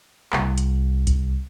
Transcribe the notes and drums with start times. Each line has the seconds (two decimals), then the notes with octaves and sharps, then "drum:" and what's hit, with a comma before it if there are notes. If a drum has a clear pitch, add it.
0.33 C2, drum: clap
0.58 drum: hi-hat
1.07 drum: kick B1, hi-hat